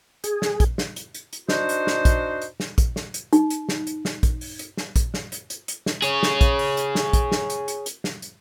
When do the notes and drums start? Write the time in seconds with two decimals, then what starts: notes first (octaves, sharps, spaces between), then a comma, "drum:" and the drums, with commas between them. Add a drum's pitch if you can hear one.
0.24 G#4, drum: hi-hat
0.42 drum: snare
0.60 drum: kick A#1, hi-hat
0.78 drum: snare
0.96 drum: hi-hat
1.14 drum: hi-hat
1.33 drum: hi-hat
1.49 D4 D#4 F#4 C5, drum: snare
1.69 drum: hi-hat
1.87 drum: snare
2.05 drum: kick A#1, hi-hat
2.42 drum: hi-hat
2.60 drum: snare
2.78 drum: kick A#1, hi-hat
2.96 drum: snare
3.14 drum: hi-hat
3.33 D#4, drum: hi-hat
3.50 drum: hi-hat
3.69 drum: snare
3.87 drum: hi-hat
4.05 drum: snare
4.23 drum: kick A#1, hi-hat
4.41 drum: open hi-hat
4.59 drum: hi-hat
4.77 drum: snare
4.96 drum: kick A#1, hi-hat
5.14 drum: snare
5.32 drum: hi-hat
5.50 drum: hi-hat
5.68 drum: hi-hat
5.86 drum: snare
6.02 G#4 C#5, drum: hi-hat
6.23 drum: snare
6.41 drum: kick A#1, hi-hat
6.59 drum: open hi-hat
6.77 drum: hi-hat
6.95 drum: snare
7.13 drum: kick A#1, hi-hat
7.32 drum: snare
7.50 drum: hi-hat
7.68 drum: hi-hat
7.86 drum: hi-hat
8.04 drum: snare
8.22 drum: hi-hat